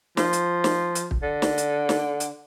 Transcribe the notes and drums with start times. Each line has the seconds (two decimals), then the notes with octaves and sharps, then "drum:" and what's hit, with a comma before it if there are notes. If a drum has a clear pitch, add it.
0.17 F3, drum: snare
0.33 drum: hi-hat
0.64 drum: snare
0.95 drum: hi-hat
1.11 drum: kick
1.23 D3
1.42 drum: snare
1.58 drum: hi-hat
1.89 drum: snare
2.20 drum: hi-hat